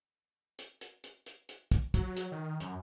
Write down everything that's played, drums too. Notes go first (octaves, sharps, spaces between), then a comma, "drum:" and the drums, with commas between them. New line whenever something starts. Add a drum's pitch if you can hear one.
drum: hi-hat
drum: hi-hat
drum: hi-hat
drum: hi-hat
drum: hi-hat
drum: kick, hi-hat
F#3, drum: kick, hi-hat
drum: hi-hat
D#3
F#2, drum: hi-hat